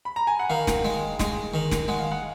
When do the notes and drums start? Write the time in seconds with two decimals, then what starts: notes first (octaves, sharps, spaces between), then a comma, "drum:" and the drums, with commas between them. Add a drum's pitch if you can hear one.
0.05 B5
0.16 A#5
0.27 G#5
0.39 F#5
0.49 D#3 F5
0.67 drum: snare
0.85 G#3
1.19 G#3, drum: snare
1.54 D#3
1.71 drum: snare
1.88 G#3 F#5
1.99 F5
2.12 F#5